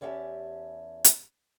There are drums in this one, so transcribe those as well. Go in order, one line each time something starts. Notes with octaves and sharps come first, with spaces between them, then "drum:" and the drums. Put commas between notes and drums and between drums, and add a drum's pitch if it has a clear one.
E2 C#4 G4 E5 F5 A5
drum: hi-hat